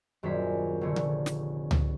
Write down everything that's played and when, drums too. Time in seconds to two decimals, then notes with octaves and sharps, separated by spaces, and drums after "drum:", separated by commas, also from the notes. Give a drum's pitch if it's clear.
0.23 D#1 F#2 D4 G#4 C5 B6
0.81 F1 A#1 D3 C#5
0.96 drum: tom D3
1.26 drum: snare
1.71 drum: tom C#2